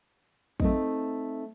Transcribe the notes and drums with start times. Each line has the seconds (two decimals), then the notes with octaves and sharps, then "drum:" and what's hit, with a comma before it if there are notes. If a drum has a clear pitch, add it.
0.60 A3 C4 D#4, drum: kick